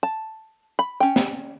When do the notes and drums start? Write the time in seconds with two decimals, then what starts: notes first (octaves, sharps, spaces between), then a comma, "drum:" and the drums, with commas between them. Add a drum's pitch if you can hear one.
0.03 A5
0.79 B5
1.00 C#4 G5
1.16 drum: snare